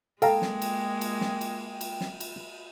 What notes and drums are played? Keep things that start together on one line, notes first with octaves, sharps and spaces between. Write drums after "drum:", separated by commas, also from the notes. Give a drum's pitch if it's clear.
G#3 A#3 A4 F5 G5 A#5, drum: cymbal
drum: snare
drum: cymbal
drum: cymbal
drum: snare
drum: cymbal
drum: cymbal
drum: snare
drum: cymbal